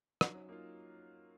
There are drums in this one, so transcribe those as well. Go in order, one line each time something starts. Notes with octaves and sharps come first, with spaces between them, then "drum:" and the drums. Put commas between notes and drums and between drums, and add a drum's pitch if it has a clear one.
F#3 D#4, drum: rim click
C#4
A#3 D#4 F4